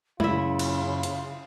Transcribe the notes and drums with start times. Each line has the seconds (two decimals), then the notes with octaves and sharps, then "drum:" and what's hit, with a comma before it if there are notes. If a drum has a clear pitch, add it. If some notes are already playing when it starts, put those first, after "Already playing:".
0.20 F#2 A#2 C#3 F#3 E4 F4 E5, drum: tom
0.59 drum: cymbal
1.03 drum: hi-hat